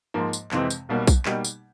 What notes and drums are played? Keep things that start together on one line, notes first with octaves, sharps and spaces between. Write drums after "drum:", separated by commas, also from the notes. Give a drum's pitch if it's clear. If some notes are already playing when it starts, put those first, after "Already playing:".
G#2 F3 A#3
drum: tambourine
F2 C3 E3 G#3 C4, drum: clap
drum: tambourine
B1 B2 G3 A#3
drum: kick B1, tambourine
B2 G3 A#3 D#4 G4, drum: clap
drum: tambourine